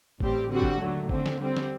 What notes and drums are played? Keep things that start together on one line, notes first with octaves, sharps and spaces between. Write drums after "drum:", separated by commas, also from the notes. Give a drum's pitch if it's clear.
A1 A2 G3 C4 G4, drum: kick G1
D3 G3 C4 F#4
drum: kick G1
D#2 D3 F#3 A3
D3 A3 C4, drum: kick G1
drum: snare
D3 G3 C4
drum: snare